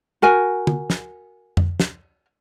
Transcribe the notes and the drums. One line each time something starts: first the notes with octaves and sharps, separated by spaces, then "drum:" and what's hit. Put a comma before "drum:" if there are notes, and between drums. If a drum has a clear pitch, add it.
F#4 A#4 G#5
drum: tom
drum: snare
drum: tom F2
drum: snare